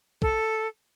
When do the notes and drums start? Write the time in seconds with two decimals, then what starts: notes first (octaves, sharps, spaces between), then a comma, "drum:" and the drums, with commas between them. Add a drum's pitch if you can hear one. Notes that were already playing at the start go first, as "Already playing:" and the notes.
0.22 A4, drum: kick